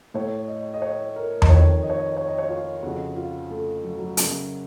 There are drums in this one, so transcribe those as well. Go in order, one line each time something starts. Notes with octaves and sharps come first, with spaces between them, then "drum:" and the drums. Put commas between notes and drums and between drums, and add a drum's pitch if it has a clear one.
A2 C#5
D#5
D#5
C#5
A#4
D#5, drum: tom E2
F2 D#3 C#5
D#5
C#5
D#5
C#5
D#5
C#5
F4
F2 C#3 F#4
F4
A3
F#3
F#3
F#2 C#3, drum: hi-hat